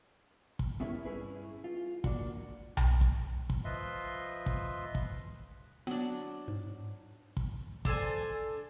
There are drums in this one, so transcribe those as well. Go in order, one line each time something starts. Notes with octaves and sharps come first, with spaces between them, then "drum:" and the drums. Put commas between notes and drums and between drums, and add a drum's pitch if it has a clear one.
drum: kick
B3 C#4 E4 G4 A#4 C#5
G2 C#4 E4 G#4 B4
F4
A#3 D4 F#4, drum: kick
drum: tom B1
drum: kick
drum: kick
F3 F4 B4 D#5 E5 C6
drum: kick
drum: kick
F#3 B3 D4
G#2
drum: kick
D4 A4 C5 G#5, drum: kick